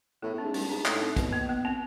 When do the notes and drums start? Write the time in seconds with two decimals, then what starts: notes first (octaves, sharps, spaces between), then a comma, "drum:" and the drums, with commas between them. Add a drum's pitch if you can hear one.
0.22 A2 B3
0.33 A2
0.38 C#4
0.43 G#2
0.54 G2 C#4, drum: open hi-hat
0.69 G#2 D4
0.86 A2 D#4, drum: clap
1.02 C4
1.16 B2 C4, drum: kick, hi-hat
1.33 A#3
1.49 B3
1.65 C4